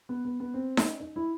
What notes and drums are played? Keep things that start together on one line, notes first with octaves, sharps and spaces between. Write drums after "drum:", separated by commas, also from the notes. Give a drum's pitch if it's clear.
B3
B3
B3
C4
C#4, drum: snare D#4
D#4
E4